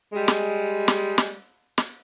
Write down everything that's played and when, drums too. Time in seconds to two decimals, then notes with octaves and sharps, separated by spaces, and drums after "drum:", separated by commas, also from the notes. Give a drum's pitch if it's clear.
0.13 G3 G#3
0.28 drum: snare
0.88 drum: snare
1.18 drum: snare
1.78 drum: snare